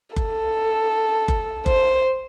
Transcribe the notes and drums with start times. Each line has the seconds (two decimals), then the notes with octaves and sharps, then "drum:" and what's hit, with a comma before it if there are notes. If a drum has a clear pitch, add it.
0.16 A4, drum: kick F#1
1.28 drum: kick F#1
1.66 C5, drum: kick F#1